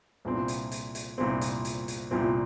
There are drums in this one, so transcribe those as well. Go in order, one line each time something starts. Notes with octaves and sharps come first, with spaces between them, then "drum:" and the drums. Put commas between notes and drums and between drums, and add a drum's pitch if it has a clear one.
C2 A#2 F3 C4
drum: hi-hat
drum: hi-hat
drum: hi-hat
C2 A#2 F3 C4
drum: hi-hat
drum: hi-hat
drum: hi-hat
C2 A#2 F3 C4